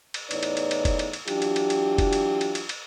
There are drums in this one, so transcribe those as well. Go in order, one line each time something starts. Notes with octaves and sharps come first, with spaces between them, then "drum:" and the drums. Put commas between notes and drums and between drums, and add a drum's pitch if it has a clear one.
drum: cymbal
E2 A2 D#4 B4 C#5 D5, drum: cymbal
drum: cymbal
drum: cymbal
drum: cymbal
drum: kick F1, cymbal
drum: cymbal
drum: cymbal
E3 F#3 D4 F4 G4, drum: cymbal
drum: cymbal
drum: cymbal
drum: cymbal
drum: kick F1, cymbal
drum: cymbal
drum: cymbal
drum: cymbal
drum: cymbal